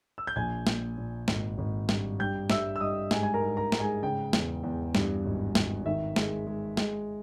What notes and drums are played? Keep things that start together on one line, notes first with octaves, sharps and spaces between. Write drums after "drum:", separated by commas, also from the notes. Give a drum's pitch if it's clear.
E6
G6
A#1 G#5 G#6
A#2, drum: snare
A#2
G#1, drum: snare
G#1
G2, drum: snare
G2 G5 G6
G2 E5 E6, drum: snare
E6
G2 D#5 D#6
G#2 G#4 G#5, drum: snare
G#5
A#4 A#5
G#2
A#4 A#5
G#2, drum: snare
G#4 G#5
C#3 G5
E2, drum: snare
E2
G2, drum: snare
G#1
G#1, drum: snare
D#3 E5
G#3, drum: snare
G#3
G#3, drum: snare